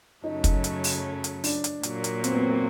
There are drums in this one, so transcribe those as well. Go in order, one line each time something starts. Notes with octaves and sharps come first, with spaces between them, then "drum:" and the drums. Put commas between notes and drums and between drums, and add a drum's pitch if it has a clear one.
F#2 C#3 F#3 A3 C#4 D#4
drum: kick, hi-hat
drum: hi-hat
drum: open hi-hat
drum: hi-hat
D4, drum: open hi-hat
drum: hi-hat
A#2 F#3 A#3, drum: hi-hat
drum: hi-hat
C4, drum: hi-hat
B3
C4